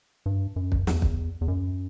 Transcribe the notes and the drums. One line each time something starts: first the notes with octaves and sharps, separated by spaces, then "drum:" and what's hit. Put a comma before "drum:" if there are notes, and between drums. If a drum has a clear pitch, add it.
G2
F#2
drum: kick
E2, drum: snare
drum: kick
E2
F#2